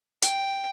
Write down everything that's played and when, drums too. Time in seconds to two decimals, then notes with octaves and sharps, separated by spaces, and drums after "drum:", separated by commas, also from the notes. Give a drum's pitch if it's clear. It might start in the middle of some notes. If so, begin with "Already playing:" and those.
0.22 G5, drum: hi-hat